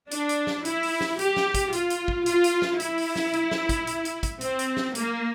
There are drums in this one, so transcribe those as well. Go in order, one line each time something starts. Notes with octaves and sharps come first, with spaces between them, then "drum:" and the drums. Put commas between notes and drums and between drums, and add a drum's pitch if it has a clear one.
D4, drum: hi-hat
drum: hi-hat
drum: snare
E4, drum: hi-hat
drum: open hi-hat
drum: snare
G4, drum: hi-hat
drum: snare
drum: kick, hi-hat
F4, drum: hi-hat
drum: hi-hat
drum: kick
F4, drum: hi-hat
drum: hi-hat
drum: snare
E4, drum: hi-hat
drum: open hi-hat
drum: snare
drum: hi-hat
drum: snare
drum: kick, hi-hat
drum: hi-hat
drum: hi-hat
drum: kick, hi-hat
C4, drum: hi-hat
drum: hi-hat
drum: snare
A#3, drum: hi-hat